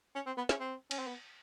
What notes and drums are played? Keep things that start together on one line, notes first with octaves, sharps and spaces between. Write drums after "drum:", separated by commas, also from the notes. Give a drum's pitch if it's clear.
C#4
C4
B3
C#4, drum: snare
C4
C#4, drum: cymbal
C4
B3